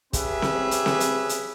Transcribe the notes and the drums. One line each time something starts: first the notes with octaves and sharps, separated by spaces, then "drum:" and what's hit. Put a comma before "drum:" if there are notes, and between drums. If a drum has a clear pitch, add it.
C#4 G4 G#4 B4 E5, drum: kick, hi-hat
drum: snare C4
drum: hi-hat
drum: snare C4
drum: hi-hat
drum: hi-hat